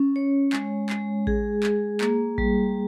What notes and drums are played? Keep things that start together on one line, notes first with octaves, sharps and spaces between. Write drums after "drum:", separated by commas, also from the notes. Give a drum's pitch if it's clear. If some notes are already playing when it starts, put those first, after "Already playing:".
Already playing: C#4
C#5
G#3, drum: clap
G#3, drum: clap
G#4, drum: kick A1
G#4, drum: clap
A#3, drum: clap
G3, drum: kick A1